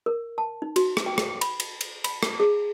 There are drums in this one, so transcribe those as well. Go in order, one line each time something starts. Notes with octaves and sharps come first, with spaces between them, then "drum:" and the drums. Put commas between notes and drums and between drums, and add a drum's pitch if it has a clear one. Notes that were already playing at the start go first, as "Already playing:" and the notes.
A#4
A5
D#4
F#4, drum: cymbal
drum: rim click
G5
drum: rim click
B5, drum: cymbal
drum: cymbal
drum: cymbal
B5, drum: cymbal
drum: rim click
G#4